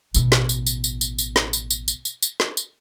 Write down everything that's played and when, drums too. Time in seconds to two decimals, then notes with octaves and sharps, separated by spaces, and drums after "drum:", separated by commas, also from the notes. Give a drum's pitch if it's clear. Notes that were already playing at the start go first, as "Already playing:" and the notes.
0.14 A1 B2, drum: tambourine
0.32 drum: snare
0.49 drum: tambourine
0.66 drum: tambourine
0.84 drum: tambourine
1.01 drum: tambourine
1.18 drum: tambourine
1.36 drum: snare
1.53 drum: tambourine
1.70 drum: tambourine
1.88 drum: tambourine
2.05 drum: tambourine
2.22 drum: tambourine
2.40 drum: snare
2.57 drum: tambourine